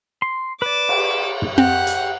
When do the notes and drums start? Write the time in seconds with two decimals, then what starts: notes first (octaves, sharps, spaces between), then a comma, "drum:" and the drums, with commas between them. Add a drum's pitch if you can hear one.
0.22 C6
0.62 B4 D5 D6 E7
0.89 drum: cymbal
1.42 drum: tom
1.58 C4 G4 F#5
1.87 drum: hi-hat